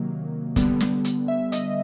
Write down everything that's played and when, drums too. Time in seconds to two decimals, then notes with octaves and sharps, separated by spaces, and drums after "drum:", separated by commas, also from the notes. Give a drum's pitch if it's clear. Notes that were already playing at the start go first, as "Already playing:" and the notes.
Already playing: C3 D#3 F#3 A#3
0.56 D3 G3 B3, drum: kick, hi-hat
0.81 drum: snare
1.04 drum: hi-hat
1.28 E5
1.52 D#5, drum: hi-hat